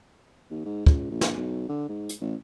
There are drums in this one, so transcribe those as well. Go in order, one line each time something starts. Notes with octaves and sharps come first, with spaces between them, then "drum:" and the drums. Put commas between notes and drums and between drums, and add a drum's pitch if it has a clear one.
D#2
G#2
C#2, drum: kick
A#1
drum: snare
B1
D3
G#2
drum: hi-hat
A1